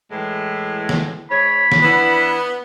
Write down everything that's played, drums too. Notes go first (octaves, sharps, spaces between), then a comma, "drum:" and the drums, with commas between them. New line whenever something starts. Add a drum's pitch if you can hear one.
A2 E3 G#3
drum: snare
G#2 C#5 B5
drum: snare
E3 B3 D4 E4